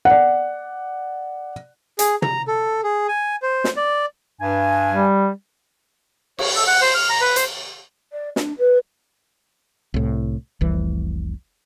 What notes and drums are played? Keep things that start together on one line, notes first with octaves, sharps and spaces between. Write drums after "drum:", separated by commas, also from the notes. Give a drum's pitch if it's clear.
D5 F#5
G#4, drum: hi-hat
A#5, drum: tom
A4
G#4
G#5
C5
drum: snare
D5
G2 G#5
G3
C#5, drum: cymbal
A4
F#5
C5
F6
A#5
B4
C5, drum: hi-hat
D5
D4, drum: snare
B4
C2 A2
F1 C2 E3